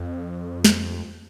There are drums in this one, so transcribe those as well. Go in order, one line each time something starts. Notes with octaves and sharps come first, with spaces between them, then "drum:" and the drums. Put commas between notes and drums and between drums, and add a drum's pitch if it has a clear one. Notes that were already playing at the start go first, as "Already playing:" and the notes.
Already playing: F2
drum: snare